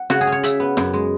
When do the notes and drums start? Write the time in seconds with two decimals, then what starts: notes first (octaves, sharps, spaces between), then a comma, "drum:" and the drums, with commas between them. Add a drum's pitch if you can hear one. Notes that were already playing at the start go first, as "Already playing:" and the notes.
Already playing: F#5
0.10 C#3 F#4, drum: snare
0.21 G#4
0.27 C#4
0.32 C#5
0.43 C#3 E5, drum: hi-hat
0.60 B3
0.77 F#2, drum: snare
0.93 G#3